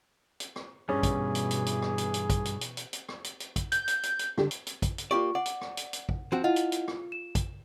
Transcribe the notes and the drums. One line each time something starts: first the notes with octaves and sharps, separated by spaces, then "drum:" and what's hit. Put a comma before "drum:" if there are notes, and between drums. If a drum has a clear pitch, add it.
drum: hi-hat
drum: rim click
G2 B2 E3 G3 C#4 G#4
drum: kick, hi-hat
drum: hi-hat
drum: hi-hat
drum: hi-hat
drum: rim click
drum: hi-hat
drum: hi-hat
drum: kick, hi-hat
drum: hi-hat
drum: hi-hat
drum: hi-hat
drum: hi-hat
drum: rim click
drum: hi-hat
drum: hi-hat
drum: kick, hi-hat
G6, drum: hi-hat
drum: hi-hat
drum: hi-hat
drum: hi-hat
D3 G4, drum: rim click
drum: hi-hat
drum: hi-hat
drum: kick, hi-hat
drum: hi-hat
A#3 F4 G4 D5 C#6
D5 F#5
drum: hi-hat
drum: rim click
drum: hi-hat
drum: hi-hat
drum: kick
F3 C4 F#4
E4 F4 D#5 F#5
drum: hi-hat
drum: hi-hat
drum: rim click
E7
drum: kick, hi-hat